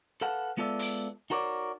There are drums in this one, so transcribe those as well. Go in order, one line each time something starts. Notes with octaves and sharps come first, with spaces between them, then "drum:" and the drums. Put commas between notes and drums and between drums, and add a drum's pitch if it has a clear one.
A4 B4 F5 F#5 A5
G#3 B3 F4 A4 D5 E5
drum: open hi-hat
D#4 F#4 A#4 C#5 D5